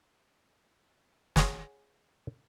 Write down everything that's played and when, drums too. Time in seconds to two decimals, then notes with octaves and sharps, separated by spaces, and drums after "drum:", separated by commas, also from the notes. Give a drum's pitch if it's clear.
1.36 G#4 C#5 F#5 G#5, drum: snare